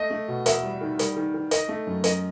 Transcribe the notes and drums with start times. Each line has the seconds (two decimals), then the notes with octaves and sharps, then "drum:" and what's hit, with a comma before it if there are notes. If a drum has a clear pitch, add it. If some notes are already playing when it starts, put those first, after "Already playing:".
Already playing: A3 D#5
0.10 A3
0.28 B2
0.46 E2 E5, drum: hi-hat
0.64 G3
0.81 D#3
0.99 G3, drum: hi-hat
1.16 D#3
1.34 D#3
1.51 D#3 D#5, drum: hi-hat
1.69 A3
1.87 F#2
2.04 F#2 D#5, drum: hi-hat